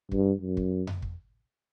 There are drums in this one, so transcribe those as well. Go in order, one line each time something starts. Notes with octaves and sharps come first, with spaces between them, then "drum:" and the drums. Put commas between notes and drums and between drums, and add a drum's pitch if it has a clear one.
G2, drum: kick
F#2
drum: kick
drum: tom F2
drum: kick